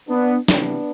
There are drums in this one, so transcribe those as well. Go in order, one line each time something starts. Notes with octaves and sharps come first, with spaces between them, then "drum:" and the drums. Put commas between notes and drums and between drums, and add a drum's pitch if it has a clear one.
B3 D4
C3 E3 G3 B3 D4, drum: snare